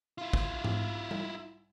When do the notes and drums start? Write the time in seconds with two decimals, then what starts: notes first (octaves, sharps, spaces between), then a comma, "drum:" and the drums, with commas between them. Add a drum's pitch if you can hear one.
0.18 E4 F4
0.33 drum: kick
0.64 drum: tom G#2
1.11 drum: tom G3